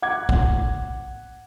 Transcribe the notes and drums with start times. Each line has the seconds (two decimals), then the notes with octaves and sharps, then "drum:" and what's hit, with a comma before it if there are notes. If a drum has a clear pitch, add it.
0.02 F#5 D6 G#6
0.29 drum: kick